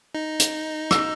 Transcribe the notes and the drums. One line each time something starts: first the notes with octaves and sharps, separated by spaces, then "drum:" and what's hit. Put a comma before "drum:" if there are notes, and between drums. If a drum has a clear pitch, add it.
D#4
drum: hi-hat
E6, drum: rim click